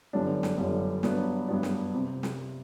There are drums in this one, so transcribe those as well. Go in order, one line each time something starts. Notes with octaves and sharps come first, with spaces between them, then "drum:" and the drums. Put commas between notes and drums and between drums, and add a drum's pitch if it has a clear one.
G1 F#2 D3 G3 D4
drum: snare
G1 F#2 D3 G3 D4
G2 F#3 B3 D4, drum: snare
G2 F#3 B3 D4
drum: snare
C3
drum: snare